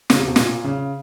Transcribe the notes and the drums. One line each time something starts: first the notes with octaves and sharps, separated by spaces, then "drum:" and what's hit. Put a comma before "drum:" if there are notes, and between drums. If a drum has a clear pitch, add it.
C#3, drum: snare
C3
B2
A#2, drum: snare
C#3